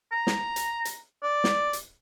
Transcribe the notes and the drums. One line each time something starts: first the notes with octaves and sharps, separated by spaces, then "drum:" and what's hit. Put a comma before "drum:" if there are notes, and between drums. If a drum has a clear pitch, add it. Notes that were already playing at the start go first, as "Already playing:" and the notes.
A#5
drum: snare
drum: hi-hat
drum: hi-hat
D5
drum: snare
drum: hi-hat